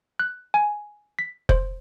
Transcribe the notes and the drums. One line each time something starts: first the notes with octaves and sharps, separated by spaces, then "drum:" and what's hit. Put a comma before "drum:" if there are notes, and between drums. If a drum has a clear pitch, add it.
F#6
G#5
B6
C5, drum: kick F1